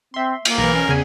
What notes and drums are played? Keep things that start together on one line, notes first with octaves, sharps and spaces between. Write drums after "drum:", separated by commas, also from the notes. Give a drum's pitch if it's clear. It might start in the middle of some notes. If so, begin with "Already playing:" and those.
C4 E5 C6
A#3, drum: cymbal
B1 E3 A#4
C#4
E2 C#3 G#5